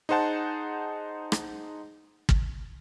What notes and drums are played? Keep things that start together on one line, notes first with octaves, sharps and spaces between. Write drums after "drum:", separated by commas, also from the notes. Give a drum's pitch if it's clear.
D#4 G#4 C5 F#5 A5
drum: rim click
drum: kick